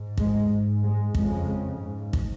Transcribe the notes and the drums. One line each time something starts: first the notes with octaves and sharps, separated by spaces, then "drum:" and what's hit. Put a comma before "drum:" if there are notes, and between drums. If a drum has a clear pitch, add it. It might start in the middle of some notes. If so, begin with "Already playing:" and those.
Already playing: G#2
G#3, drum: kick
G#2
G#3
F2 C#3 G#3, drum: kick
G#2
drum: kick